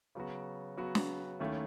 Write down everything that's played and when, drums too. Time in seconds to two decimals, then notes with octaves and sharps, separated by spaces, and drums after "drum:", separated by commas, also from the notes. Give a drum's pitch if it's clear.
0.15 C#3 F#3 B3 F#4
0.77 C#3 F#3 B3 F#4
0.95 drum: snare
1.40 D#2 D#3 A3 C#4 E4